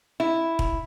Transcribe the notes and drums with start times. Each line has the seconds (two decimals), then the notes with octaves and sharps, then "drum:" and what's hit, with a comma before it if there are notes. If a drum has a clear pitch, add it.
0.20 E4
0.59 drum: kick